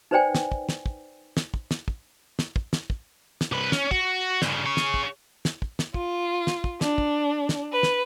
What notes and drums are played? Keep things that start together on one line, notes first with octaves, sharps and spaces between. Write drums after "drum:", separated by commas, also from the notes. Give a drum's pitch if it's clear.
D#4 B4 C5 D5 G5 G#5
drum: snare
drum: kick
drum: snare
drum: kick
drum: snare
drum: kick
drum: snare
drum: kick
drum: snare
drum: kick
drum: snare
drum: kick
drum: snare
C2 B4
C#4, drum: snare
F#4, drum: kick
G2 C#3, drum: snare
G#4 C#5
drum: snare
drum: kick
drum: snare
drum: kick
drum: snare
F4, drum: kick
drum: snare
drum: kick
D4, drum: snare
drum: kick
drum: snare
B4
drum: snare